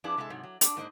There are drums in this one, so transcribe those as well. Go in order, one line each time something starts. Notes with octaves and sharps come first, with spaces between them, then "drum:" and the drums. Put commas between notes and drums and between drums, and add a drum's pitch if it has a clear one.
F2 D4 E4 G#4 B4
C3 G#3 G#4 A4 E5
G#2 C3 F#3
F#3
D4, drum: hi-hat
G#2 A#3 D4 C5 D#5